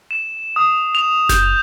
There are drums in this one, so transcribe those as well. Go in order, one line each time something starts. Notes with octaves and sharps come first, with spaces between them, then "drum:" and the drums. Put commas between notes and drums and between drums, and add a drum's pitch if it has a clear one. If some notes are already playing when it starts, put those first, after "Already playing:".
E7
D#6
F7
G6, drum: snare F#1